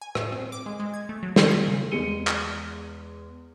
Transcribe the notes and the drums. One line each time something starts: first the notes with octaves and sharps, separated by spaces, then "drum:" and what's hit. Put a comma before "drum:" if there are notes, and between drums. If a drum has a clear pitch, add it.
G#5
A2, drum: rim click
C4
D6
G#3
G#3
G#6
A3
F#3
D#3, drum: snare
B6
C#3
E2 G#3 C#7 D#7 G7
drum: clap